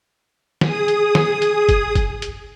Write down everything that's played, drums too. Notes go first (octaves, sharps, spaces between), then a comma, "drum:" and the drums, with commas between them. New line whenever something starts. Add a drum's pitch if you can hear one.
G#4 D#6, drum: snare
drum: hi-hat
drum: snare
drum: hi-hat
drum: kick F#1, hi-hat
drum: kick F#1, hi-hat
drum: hi-hat